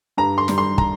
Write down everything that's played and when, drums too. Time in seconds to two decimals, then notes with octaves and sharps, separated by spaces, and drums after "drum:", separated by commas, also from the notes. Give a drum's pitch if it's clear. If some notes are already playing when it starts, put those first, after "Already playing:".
0.17 G2 A#5
0.38 C6
0.48 G3, drum: snare
0.58 C6
0.78 A#5, drum: kick